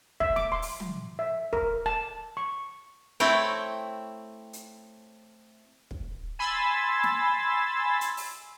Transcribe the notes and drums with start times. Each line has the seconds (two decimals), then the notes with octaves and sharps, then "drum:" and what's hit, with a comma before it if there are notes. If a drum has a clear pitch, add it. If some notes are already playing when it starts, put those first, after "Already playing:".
0.20 E5, drum: kick
0.36 D6, drum: snare
0.52 C6
0.62 drum: open hi-hat
0.80 drum: tom
1.19 E5
1.53 A#4, drum: kick
1.86 A5
2.37 C#6
3.20 A3 C4 E4 C#5 G5
4.53 drum: hi-hat
5.91 drum: kick
6.39 G#5 B5 C6 E6 A6
7.03 drum: snare
8.01 drum: hi-hat
8.17 drum: open hi-hat